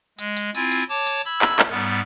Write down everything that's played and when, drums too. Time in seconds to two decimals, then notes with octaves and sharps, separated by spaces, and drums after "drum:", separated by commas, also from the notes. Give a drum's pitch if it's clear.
0.19 G#3, drum: hi-hat
0.37 drum: hi-hat
0.55 C4 E4 F4 G#5, drum: hi-hat
0.72 drum: hi-hat
0.89 C#5 A5 D6, drum: open hi-hat
1.07 drum: hi-hat
1.25 B5 E6 G#6, drum: open hi-hat
1.42 drum: clap
1.59 drum: clap
1.70 G#2 G3 B3